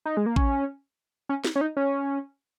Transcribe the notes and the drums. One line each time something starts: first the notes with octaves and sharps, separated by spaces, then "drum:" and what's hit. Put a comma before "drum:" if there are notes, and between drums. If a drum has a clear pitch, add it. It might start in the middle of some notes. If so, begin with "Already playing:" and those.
D#4
G#3
A#3
C#4, drum: kick A1
C#4
drum: snare
C#4
D#4
C#4